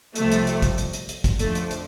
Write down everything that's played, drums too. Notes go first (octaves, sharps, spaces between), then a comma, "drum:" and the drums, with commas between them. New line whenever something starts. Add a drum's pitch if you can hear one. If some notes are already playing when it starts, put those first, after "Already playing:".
C2 C3 F3 A3, drum: hi-hat
drum: hi-hat
drum: hi-hat
drum: kick, hi-hat
drum: hi-hat
drum: hi-hat
drum: hi-hat
drum: kick, hi-hat
F2 D3 F3 A3, drum: hi-hat
drum: hi-hat
drum: hi-hat